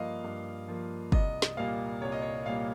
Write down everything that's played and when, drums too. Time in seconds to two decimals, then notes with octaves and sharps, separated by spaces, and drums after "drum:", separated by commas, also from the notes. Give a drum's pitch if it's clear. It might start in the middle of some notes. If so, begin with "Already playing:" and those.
Already playing: G2 F3 A#3 D#5 F5
0.24 G2
0.68 F3 A#3
1.12 C2 D#5, drum: kick
1.42 drum: snare
1.57 A#2 G3 A#3 F5
2.02 C2 C#5
2.12 D#5
2.22 C#5
2.46 A#2 G3 A#3 F5